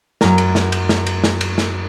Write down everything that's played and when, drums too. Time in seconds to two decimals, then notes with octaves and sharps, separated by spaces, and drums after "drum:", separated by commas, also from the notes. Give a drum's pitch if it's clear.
0.21 F#2 A#5, drum: snare
0.38 drum: cymbal
0.55 drum: snare
0.72 drum: cymbal
0.89 drum: snare
1.06 drum: cymbal
1.24 drum: snare
1.41 drum: cymbal
1.58 drum: snare